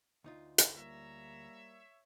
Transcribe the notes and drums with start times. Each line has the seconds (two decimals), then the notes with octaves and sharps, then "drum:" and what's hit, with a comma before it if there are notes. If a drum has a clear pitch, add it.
0.24 D2 D#4 F4
0.58 drum: hi-hat
0.77 G3 A#3 C#5 E5 A#5